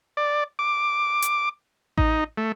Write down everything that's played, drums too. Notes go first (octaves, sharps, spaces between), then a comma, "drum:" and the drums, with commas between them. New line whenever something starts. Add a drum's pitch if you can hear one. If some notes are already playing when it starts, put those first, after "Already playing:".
D5
D6
drum: hi-hat
D#4, drum: kick A1
A3